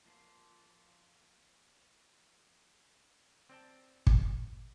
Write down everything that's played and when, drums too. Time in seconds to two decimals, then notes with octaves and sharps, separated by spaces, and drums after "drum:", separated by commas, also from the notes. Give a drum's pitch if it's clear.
0.05 F3 A#3 F4 C5
3.49 C4 D5 G5 A5
4.07 drum: kick